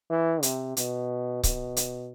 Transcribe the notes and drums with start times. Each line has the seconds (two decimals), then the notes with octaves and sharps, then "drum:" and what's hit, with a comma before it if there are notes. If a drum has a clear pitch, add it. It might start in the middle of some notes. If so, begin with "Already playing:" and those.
0.10 E3
0.43 C3, drum: hi-hat
0.77 B2, drum: hi-hat
1.43 B2, drum: kick C#1, hi-hat
1.77 drum: hi-hat